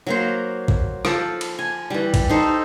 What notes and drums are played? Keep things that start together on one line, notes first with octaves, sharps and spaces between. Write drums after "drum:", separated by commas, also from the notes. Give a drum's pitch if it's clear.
F#3 A#3 C5
drum: kick A1
F3 A4, drum: rim click
drum: cymbal
G#5
E3 G3
drum: kick A1, cymbal
D#4 A4 C5